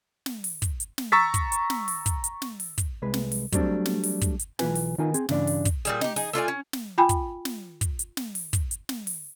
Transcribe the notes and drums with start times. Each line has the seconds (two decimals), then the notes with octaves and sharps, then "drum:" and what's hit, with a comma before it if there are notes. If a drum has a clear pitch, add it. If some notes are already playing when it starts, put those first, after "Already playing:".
0.26 drum: snare
0.44 drum: open hi-hat
0.62 drum: kick, hi-hat
0.80 drum: hi-hat
0.98 drum: snare
1.12 A#5 C#6 E6 A6 B6
1.34 drum: kick, hi-hat
1.52 drum: hi-hat
1.70 drum: snare
1.88 drum: open hi-hat
2.06 drum: kick, hi-hat
2.24 drum: hi-hat
2.42 drum: snare
2.60 drum: open hi-hat
2.78 drum: kick, hi-hat
3.02 C2 G#3 B4
3.14 drum: snare
3.32 drum: open hi-hat
3.52 F#3 G3 A3 C4 D4, drum: kick, hi-hat
3.86 drum: snare
4.03 drum: open hi-hat
4.21 drum: kick, hi-hat
4.39 drum: hi-hat
4.59 B1 E3 D#4 F4 B4 G#5, drum: snare
4.75 drum: open hi-hat
4.98 D#3 B3 D#4 F4 A#4 G#5
5.14 C4 G#4, drum: hi-hat
5.29 G2 C#3 E3 D4 D5, drum: snare
5.47 drum: open hi-hat
5.65 drum: kick, hi-hat
5.85 A#2 G3 G#4, drum: hi-hat
6.01 D#4 G4, drum: snare
6.16 D#4 G#4, drum: open hi-hat
6.33 A3 F4 D5 G#5
6.48 C#4
6.73 drum: snare
6.98 F4 G5 G#5 B5
7.09 drum: kick, hi-hat
7.45 drum: snare
7.81 drum: kick, hi-hat
7.99 drum: hi-hat
8.17 drum: snare
8.35 drum: open hi-hat
8.53 drum: kick, hi-hat
8.71 drum: hi-hat
8.89 drum: snare
9.07 drum: open hi-hat